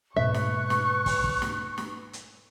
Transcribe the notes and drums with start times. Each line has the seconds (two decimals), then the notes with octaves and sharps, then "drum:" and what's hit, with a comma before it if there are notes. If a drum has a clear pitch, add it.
0.16 G#2 B2 G#3 B4 E5 C#6
0.34 drum: snare
0.70 drum: snare
1.06 drum: kick, open hi-hat
1.24 drum: kick
1.42 drum: snare
1.78 drum: snare
2.13 drum: hi-hat